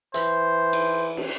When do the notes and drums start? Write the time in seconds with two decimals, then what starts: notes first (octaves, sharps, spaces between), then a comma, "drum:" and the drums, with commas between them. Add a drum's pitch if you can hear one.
0.14 E3 C5, drum: hi-hat
0.73 drum: cymbal
1.17 drum: cymbal